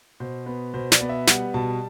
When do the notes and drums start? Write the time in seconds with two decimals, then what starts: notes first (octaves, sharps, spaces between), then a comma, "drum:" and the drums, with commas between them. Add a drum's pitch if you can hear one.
0.20 B2 C5
0.46 B3
0.74 B2 C5
0.92 D5, drum: snare
1.00 B3
1.09 E5
1.27 G3 F#5, drum: snare
1.54 B2 A5